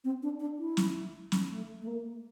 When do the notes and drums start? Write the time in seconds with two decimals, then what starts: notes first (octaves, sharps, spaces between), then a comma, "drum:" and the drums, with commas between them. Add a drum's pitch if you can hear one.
0.04 C4
0.23 D4
0.40 D4
0.59 E4
0.77 drum: snare
1.32 drum: snare
1.51 A3
1.82 A3
1.87 A#3